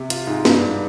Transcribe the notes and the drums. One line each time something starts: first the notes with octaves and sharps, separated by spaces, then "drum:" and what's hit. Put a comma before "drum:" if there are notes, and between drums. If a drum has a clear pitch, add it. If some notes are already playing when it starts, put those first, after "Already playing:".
Already playing: C3
F4, drum: hi-hat
G#2
G2, drum: snare
G2